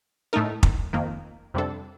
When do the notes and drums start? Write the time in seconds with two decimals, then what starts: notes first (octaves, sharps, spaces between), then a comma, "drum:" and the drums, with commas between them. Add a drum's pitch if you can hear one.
0.33 A2 A3 D#4 A#4
0.63 drum: kick
0.93 F2 D#3 A#3
1.54 F2 C3 G3 D4 A4